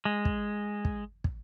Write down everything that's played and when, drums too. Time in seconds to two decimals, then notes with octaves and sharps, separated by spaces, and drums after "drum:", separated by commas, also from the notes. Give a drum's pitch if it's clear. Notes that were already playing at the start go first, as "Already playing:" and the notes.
0.05 G#3
0.25 drum: kick
0.85 drum: kick
1.24 drum: kick